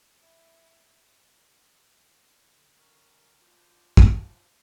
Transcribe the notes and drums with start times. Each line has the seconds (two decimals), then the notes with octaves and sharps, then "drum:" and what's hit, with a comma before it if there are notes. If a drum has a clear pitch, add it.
0.20 E4
2.51 D3
2.79 C#4 F#4 A#4
3.41 D4 F4 F#4 C5 B5
3.97 drum: kick